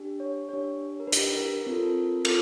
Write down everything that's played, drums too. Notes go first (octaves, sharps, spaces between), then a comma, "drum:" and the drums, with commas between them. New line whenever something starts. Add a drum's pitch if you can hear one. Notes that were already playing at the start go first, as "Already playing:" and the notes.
Already playing: D4 G4
C#5
D4 G4 C#5
A#4
D4 B4
G4, drum: hi-hat
A#4
C4 F4 A4
C4 F4 A4 A#4, drum: cymbal